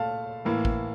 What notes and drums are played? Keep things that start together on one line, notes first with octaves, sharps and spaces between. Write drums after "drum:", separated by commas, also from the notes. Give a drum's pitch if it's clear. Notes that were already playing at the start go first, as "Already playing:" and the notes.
Already playing: A#2 A3 F5 A5
A2 E3 A#3
drum: kick G#1